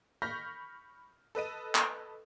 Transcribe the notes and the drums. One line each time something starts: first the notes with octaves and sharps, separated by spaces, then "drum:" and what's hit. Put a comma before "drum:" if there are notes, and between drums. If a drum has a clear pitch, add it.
B5 C#6 F6 G6 A#6 B6
A4 B4 D#5 D#7
drum: clap